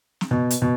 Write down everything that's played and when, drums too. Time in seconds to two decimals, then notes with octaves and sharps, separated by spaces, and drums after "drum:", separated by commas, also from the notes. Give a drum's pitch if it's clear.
0.21 drum: snare
0.31 B2
0.50 drum: hi-hat
0.62 B2